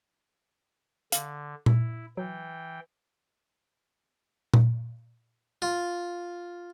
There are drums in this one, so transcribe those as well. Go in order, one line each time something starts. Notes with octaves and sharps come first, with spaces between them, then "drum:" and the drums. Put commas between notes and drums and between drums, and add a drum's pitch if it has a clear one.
D3 F5, drum: hi-hat
E4, drum: tom A#2
E3 F#3 G5
drum: tom A#2
F4